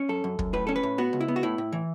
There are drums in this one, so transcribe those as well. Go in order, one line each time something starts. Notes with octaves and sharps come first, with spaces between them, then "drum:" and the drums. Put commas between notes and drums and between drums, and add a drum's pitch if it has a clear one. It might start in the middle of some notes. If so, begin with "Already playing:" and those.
Already playing: C#4
F#2 A4
F#2
F#2, drum: kick
A2 B4
C#4 A4
B4
A2
B3 F#4
C#2
E4
B3
F#4
A2 E4
A2
E3